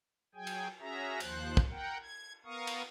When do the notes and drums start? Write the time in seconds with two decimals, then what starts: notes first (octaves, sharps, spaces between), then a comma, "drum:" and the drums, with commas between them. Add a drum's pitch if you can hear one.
0.35 F#3 G#4 G5 G#5
0.47 drum: cymbal
0.80 C#4 F#4 G#4 E5 A#5
1.20 D#2 F3 C5 F#6, drum: cymbal
1.57 drum: kick
1.70 A#4 F#5 G5
2.02 G#6
2.45 B3 A#4 F5 C#6 D#6
2.67 drum: cymbal